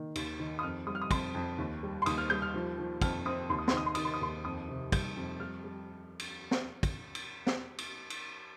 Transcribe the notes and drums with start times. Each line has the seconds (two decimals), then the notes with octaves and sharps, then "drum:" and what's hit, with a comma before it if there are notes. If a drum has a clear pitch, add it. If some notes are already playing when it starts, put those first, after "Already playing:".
Already playing: D#3 A#3
0.15 D#2, drum: cymbal
0.40 D#3
0.59 D#6
0.63 F2 F6
0.87 G3 D#6
0.95 F6
1.02 D#6
1.11 F2 C6, drum: kick, cymbal
1.34 F2
1.58 D#2
1.83 G3
2.02 C6
2.06 D#2 D#6, drum: cymbal
2.18 F6
2.30 G3 G6
2.42 F6
2.54 F3
2.78 F3
3.02 F2 F6, drum: kick, cymbal
3.25 C4 D#6
3.49 D#2 C6
3.59 D#6
3.68 C6, drum: snare
3.73 D#3 D#6
3.86 C6
3.95 D#3 D#6, drum: cymbal
4.05 C6
4.14 D#6
4.21 D#2 C6
4.45 F2 D#6
4.69 C3
4.92 G3 G6, drum: kick, cymbal
5.16 F2
5.40 G3 F6
5.64 G3
6.19 drum: cymbal
6.51 drum: snare
6.83 drum: kick, cymbal
7.15 drum: cymbal
7.47 drum: snare
7.78 drum: cymbal
8.10 drum: cymbal